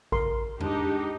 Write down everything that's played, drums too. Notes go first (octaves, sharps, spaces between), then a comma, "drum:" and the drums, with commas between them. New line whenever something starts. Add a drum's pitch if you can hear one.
A#4 C6, drum: kick A1
G#2 D4 D#4 G4, drum: tom E2